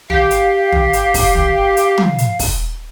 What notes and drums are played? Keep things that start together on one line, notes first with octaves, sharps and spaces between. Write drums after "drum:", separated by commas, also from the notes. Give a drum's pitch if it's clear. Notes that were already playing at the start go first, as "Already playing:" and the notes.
G4 F5, drum: tom
drum: hi-hat
drum: tom
drum: hi-hat
drum: kick, open hi-hat
drum: tom
drum: hi-hat
drum: tom
drum: hi-hat
drum: kick, open hi-hat